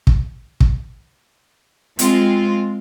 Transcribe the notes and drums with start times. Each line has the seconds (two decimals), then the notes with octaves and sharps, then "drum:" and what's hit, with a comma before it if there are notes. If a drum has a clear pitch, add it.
0.07 drum: kick
0.60 drum: kick
1.99 G#3 C4 F4, drum: hi-hat